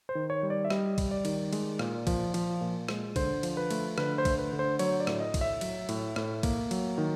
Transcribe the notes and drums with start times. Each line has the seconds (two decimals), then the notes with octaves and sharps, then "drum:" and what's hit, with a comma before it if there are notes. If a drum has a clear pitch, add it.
0.09 C5
0.15 D#3
0.30 C#5
0.43 G3
0.50 D5
0.65 E5
0.70 G3 D#5, drum: rim click
0.98 G3, drum: kick, cymbal
1.11 D5
1.25 D#3, drum: cymbal
1.53 G#3, drum: cymbal
1.79 A#2, drum: rim click
2.07 F3, drum: kick, cymbal
2.34 F3, drum: cymbal
2.61 A#2
2.88 G#3, drum: rim click
3.16 D3 C5, drum: kick, cymbal
3.43 F3, drum: cymbal
3.57 B4
3.71 A3, drum: cymbal
3.98 D3 B4, drum: rim click
4.18 C5
4.25 A3, drum: kick, cymbal
4.38 B4
4.53 D3
4.59 C5
4.79 F#3 C#5, drum: cymbal
5.00 D5
5.07 A2, drum: rim click
5.20 D#5
5.34 A2, drum: kick, cymbal
5.41 E5
5.61 F#3, drum: cymbal
5.89 A2, drum: cymbal
6.16 A2, drum: rim click
6.43 A#3, drum: kick, cymbal
6.71 F#3, drum: cymbal
6.98 D#3